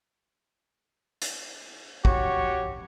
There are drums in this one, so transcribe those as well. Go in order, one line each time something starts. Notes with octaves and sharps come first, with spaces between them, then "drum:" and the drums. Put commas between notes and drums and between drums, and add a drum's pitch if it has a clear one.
drum: hi-hat
F#4 G4 C#5, drum: kick